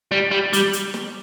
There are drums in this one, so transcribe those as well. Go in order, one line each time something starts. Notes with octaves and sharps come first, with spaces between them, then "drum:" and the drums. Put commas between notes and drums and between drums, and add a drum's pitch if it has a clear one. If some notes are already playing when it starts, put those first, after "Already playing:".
G3
G3
G3, drum: hi-hat
drum: hi-hat
drum: snare